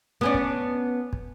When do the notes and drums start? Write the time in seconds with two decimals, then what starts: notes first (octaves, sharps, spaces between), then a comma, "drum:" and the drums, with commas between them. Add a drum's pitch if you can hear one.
0.21 B3 C#4 D4
0.34 drum: kick
1.13 drum: kick